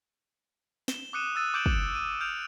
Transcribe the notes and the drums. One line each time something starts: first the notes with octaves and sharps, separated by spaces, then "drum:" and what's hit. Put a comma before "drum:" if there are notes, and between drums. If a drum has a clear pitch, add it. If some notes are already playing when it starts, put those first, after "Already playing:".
E7 G7, drum: snare
D6 D#6 F#6 C#7 D#7 E7
D#6 E6 F#6 A6 D#7
D6 G6 A6 D7 E7 F#7
drum: kick
D#7
F6 G6 D7 F7